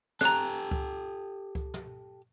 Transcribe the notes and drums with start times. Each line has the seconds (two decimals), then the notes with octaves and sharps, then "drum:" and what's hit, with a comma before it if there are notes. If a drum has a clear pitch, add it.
0.21 G4 A4 A#5 F#6, drum: snare
0.71 drum: kick C#2
1.55 drum: kick C#2
1.74 drum: tom